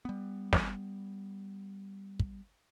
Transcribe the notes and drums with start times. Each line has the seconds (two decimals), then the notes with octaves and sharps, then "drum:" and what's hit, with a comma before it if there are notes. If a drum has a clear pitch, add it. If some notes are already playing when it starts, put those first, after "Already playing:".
0.05 G3 B3
0.53 drum: snare
2.20 drum: kick